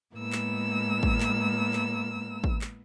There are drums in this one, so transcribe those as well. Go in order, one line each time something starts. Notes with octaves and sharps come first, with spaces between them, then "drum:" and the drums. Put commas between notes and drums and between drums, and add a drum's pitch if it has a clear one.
A2 G#3 A#3 B3 E6
drum: clap
drum: kick
drum: clap
drum: clap
drum: kick
drum: clap